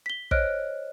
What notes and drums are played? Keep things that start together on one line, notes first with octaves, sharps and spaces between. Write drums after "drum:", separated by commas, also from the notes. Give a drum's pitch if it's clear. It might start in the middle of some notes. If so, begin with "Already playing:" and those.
B6 G7
C5 C#5 D#5 F6 F#6 D7, drum: kick